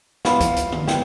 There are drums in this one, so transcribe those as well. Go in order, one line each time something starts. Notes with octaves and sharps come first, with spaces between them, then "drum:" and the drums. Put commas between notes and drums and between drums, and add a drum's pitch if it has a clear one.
E3 B3 F4 F5, drum: snare
drum: kick, hi-hat
drum: hi-hat
drum: tom D3
G5, drum: snare